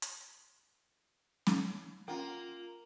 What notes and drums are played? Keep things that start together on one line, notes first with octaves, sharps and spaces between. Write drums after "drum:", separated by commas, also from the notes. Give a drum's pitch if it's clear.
drum: hi-hat
drum: snare
A#3 C#4 F4 F#5 G5